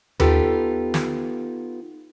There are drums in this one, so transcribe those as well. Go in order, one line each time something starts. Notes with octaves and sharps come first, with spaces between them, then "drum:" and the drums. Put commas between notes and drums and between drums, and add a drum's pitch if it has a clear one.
B3 D#4 F4 G4 A4 B4, drum: tom D#2
drum: snare